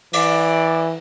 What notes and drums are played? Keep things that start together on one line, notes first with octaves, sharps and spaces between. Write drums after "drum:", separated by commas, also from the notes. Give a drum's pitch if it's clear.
E3 D5, drum: cymbal